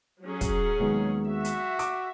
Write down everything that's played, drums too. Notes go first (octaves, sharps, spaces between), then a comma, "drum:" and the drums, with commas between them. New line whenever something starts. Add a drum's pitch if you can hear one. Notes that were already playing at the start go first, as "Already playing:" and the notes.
F#3 C#4 G#4
drum: kick, hi-hat
D#2 G#3 B3
F#4 E5
drum: hi-hat
D6, drum: hi-hat